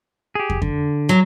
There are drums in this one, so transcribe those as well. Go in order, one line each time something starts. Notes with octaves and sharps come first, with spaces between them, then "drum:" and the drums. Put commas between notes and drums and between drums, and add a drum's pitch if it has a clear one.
G4 G#4
drum: kick
D3, drum: kick
F#3